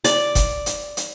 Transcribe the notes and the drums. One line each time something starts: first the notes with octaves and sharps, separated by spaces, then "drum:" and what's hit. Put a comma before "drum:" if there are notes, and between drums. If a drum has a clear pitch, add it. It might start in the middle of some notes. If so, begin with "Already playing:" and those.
D5, drum: hi-hat
drum: kick F#1, hi-hat
drum: hi-hat
drum: hi-hat